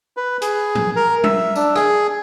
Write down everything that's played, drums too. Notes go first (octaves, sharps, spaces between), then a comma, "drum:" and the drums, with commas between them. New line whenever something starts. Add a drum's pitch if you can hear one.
B4
G#4, drum: hi-hat
drum: tom
A#4
E5, drum: tom G3
D4, drum: tambourine
G#4, drum: rim click